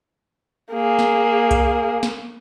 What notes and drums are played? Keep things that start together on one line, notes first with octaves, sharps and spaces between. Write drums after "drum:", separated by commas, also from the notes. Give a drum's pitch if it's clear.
A#3 G#4
drum: snare
drum: kick B1, hi-hat
drum: snare